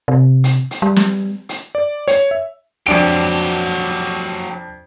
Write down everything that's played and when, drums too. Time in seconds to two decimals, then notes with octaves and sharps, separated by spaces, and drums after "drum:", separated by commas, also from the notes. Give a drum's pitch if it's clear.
0.08 C3
0.44 drum: hi-hat
0.71 drum: hi-hat
0.82 G3
0.96 drum: snare
1.49 drum: hi-hat
1.75 D5
2.08 C#5, drum: hi-hat
2.31 E5
2.87 F2 F#3 D4 G4 D7